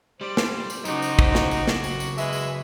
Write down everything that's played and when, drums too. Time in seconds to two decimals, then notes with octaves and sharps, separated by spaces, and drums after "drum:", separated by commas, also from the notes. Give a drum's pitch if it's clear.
0.21 G3 C5 D5
0.37 drum: snare
0.70 drum: tambourine
0.85 F#2 C#3 D#4 F#4 D6, drum: tambourine
1.02 drum: tambourine
1.19 drum: kick
1.35 drum: snare
1.51 drum: tambourine
1.68 drum: snare
1.84 drum: tambourine
2.00 drum: tambourine
2.18 G#3 B4 E5, drum: tambourine
2.33 drum: tambourine